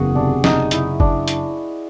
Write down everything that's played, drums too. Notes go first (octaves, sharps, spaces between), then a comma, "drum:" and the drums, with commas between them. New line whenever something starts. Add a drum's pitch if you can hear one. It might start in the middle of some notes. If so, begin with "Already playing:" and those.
Already playing: F#1 E2 F#4 G#4
C3 D4
F#1 D#4, drum: snare
F#1 E4, drum: hi-hat
D4, drum: kick
drum: hi-hat